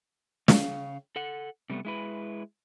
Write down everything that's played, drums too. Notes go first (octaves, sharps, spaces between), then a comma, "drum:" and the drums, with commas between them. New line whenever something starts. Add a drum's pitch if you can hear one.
C#3 F5, drum: snare
A4 F#5
C3 G3 A3 B3
G#3 E4 B4